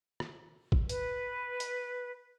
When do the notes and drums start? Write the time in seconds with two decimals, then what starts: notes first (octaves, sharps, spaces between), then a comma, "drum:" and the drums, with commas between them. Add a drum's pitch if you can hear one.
0.20 drum: rim click
0.72 drum: kick A1
0.89 B4, drum: hi-hat
1.60 drum: hi-hat